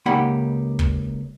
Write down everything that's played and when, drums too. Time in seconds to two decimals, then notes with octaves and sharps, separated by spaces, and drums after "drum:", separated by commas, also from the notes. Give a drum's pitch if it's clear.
0.06 C#2 A#3 D#4 G4 F#5 B5
0.79 drum: kick